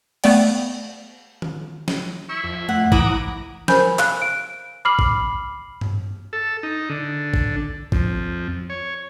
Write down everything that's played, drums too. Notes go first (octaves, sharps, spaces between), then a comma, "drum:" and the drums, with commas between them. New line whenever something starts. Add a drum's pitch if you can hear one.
A3 B3 D5 G5, drum: cymbal
drum: tom D#3
drum: snare
E4 C#6 E6
F2
A3 F#5
E3 E4 F#5 A#5 D6 D#6, drum: kick G#1
A#4 C5 G#5 B5 G6, drum: snare
F5 F#6, drum: clap
D7
B5 D6 F6 C7 F#7
drum: kick G#1
drum: tom G2
A4
D#4
D3
drum: kick G#1
F2, drum: kick G#1
C#5